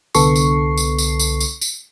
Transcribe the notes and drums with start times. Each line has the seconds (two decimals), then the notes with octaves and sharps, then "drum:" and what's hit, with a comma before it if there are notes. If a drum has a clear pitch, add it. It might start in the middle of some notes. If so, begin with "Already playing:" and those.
0.15 C2 D3 B3 A4 C#6 C7, drum: tambourine
0.36 drum: tambourine
0.77 drum: tambourine
0.98 drum: tambourine
1.19 drum: tambourine
1.40 drum: tambourine
1.61 drum: tambourine